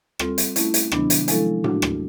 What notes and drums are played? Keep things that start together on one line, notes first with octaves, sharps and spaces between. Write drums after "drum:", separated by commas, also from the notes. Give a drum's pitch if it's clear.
G3 C4 F4 A4, drum: rim click
drum: hi-hat
A3 C#4 E4, drum: hi-hat
drum: hi-hat
C3 D#3 F#3 B3 D4, drum: rim click
drum: hi-hat
F3 G#3 C#4 E4 A4, drum: hi-hat
F#3 A3 D4 F#4, drum: tom A2
drum: rim click